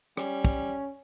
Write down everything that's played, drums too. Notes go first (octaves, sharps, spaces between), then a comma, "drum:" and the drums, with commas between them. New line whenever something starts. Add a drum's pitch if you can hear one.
G3 C#4, drum: rim click
drum: kick